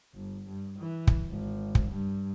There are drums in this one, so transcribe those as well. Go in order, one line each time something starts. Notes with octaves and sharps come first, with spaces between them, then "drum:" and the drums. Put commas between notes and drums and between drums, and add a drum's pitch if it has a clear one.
G1
G2
E3
drum: kick
G#1
drum: kick
G2